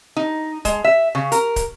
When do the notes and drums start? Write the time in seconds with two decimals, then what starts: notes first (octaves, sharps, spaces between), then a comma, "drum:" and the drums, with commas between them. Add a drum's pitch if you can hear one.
0.16 D#4
0.65 G#3, drum: kick, hi-hat
0.84 E5
1.15 C#3
1.32 A#4, drum: hi-hat
1.56 drum: kick, hi-hat